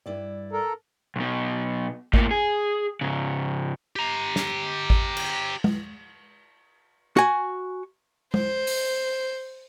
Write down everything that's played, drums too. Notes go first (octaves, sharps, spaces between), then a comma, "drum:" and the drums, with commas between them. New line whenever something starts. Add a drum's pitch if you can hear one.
G2 E4 D5
A4 A#4
B1 B2
A2 A#3, drum: kick G#1
G#4
G#2 C#3
G4 A#5
drum: snare
drum: kick G#1
drum: cymbal
drum: tom G#3
F#4 G#5
C5, drum: tom G#3
drum: open hi-hat